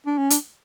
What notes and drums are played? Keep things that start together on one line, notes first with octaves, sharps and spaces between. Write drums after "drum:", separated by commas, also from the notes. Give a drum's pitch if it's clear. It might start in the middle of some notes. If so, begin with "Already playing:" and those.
D4
C#4
D4, drum: hi-hat